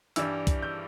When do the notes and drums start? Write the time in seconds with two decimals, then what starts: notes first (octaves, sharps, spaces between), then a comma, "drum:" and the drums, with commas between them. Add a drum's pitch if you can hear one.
0.16 G2 E3 G3 D4 E6, drum: hi-hat
0.47 drum: kick B1, hi-hat
0.63 G6